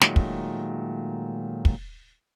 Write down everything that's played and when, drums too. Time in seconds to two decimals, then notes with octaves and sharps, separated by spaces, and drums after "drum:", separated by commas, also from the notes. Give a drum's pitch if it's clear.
0.01 A#2 D#3 F#3 G#3 A3, drum: snare
0.16 drum: kick
1.65 drum: kick